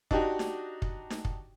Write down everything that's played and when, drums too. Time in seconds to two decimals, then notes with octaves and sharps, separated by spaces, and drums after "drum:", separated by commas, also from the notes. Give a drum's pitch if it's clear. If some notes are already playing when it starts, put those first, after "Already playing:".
0.11 D4 D#4 F#4 G4, drum: kick
0.39 drum: snare D#4
0.82 drum: kick
1.10 drum: snare D#4
1.25 drum: kick